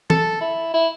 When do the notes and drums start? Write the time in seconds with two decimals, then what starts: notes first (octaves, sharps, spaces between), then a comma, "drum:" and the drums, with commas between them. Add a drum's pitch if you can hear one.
0.10 A4, drum: tom
0.41 E4
0.74 E4